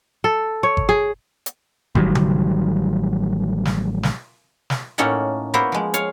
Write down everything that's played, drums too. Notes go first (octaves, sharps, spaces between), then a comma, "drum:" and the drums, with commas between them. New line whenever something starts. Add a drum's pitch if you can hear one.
A4
C#5
drum: kick G1
G#4
drum: hi-hat
A1 D#3 F#3 G3, drum: kick G1
drum: tom C#3
drum: snare
drum: snare
drum: snare
A2 A#3 C#4 D#4 A4 F#5
A#3 B3 E4 F#4 C5
F3 G#3
C#5 F5, drum: hi-hat